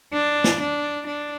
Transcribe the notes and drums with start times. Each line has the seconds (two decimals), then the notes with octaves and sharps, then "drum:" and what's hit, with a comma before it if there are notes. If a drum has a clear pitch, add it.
0.13 D4
0.44 drum: snare
0.61 D4
1.07 D4